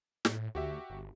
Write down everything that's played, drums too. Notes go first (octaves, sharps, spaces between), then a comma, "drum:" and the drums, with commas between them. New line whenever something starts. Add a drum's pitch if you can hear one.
A2, drum: snare
D2 F#4 G4 E5
G1